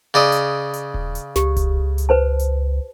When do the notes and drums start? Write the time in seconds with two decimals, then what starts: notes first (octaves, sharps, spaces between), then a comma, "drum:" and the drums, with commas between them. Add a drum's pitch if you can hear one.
0.14 C#3 D5 D#5
0.32 drum: hi-hat
0.74 drum: hi-hat
0.94 drum: kick D#1
1.15 drum: hi-hat
1.36 C#2 G4, drum: snare
1.56 drum: kick D#1, hi-hat
1.98 drum: hi-hat
2.09 B4 C5 A5
2.39 drum: hi-hat